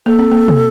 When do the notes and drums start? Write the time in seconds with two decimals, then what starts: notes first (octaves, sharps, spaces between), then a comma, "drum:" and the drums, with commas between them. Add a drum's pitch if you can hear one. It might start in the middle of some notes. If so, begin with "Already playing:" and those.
0.06 A#3 A4
0.19 C4
0.31 A#3
0.48 drum: tom